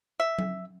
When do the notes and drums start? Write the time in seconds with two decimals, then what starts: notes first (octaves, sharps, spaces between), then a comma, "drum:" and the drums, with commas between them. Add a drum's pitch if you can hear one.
0.20 E5
0.39 drum: tom F#3